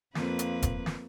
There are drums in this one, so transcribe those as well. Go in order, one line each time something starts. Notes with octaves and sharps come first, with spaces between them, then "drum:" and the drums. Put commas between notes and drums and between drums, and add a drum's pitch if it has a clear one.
F2 A#3 B4, drum: snare
drum: hi-hat
drum: kick E1, hi-hat
drum: snare